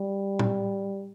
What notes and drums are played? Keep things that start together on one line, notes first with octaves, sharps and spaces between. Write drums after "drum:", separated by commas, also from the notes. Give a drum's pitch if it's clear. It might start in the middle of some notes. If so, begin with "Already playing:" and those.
Already playing: G3
drum: tom